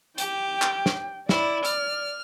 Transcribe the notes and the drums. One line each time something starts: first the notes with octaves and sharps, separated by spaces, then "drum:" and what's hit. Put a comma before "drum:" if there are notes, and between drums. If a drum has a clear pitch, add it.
G4 G5, drum: hi-hat
drum: clap
drum: snare
E4 D5, drum: snare
F6, drum: hi-hat